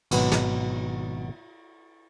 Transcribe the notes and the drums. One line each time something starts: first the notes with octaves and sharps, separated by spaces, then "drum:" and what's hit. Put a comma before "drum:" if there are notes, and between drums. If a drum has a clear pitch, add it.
G#1 B2 F#3 B4, drum: cymbal
drum: snare